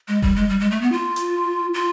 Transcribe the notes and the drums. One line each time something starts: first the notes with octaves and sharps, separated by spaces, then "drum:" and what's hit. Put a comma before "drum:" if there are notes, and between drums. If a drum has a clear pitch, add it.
G#3
G3, drum: kick F1
G#3
G3
G#3
A3
B3
F4
drum: hi-hat
F4